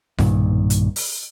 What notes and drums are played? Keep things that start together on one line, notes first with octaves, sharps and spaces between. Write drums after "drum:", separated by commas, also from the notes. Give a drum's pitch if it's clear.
B1 G2 A#2 D#3, drum: snare F4
drum: hi-hat
drum: open hi-hat